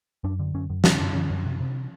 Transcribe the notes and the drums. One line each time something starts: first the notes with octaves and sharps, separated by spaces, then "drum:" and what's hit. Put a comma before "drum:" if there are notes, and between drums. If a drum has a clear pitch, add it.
F#2 D4
D3
F#2 C#4
F#2
D3 C4, drum: snare
F#2
D3
F#2
C3
C3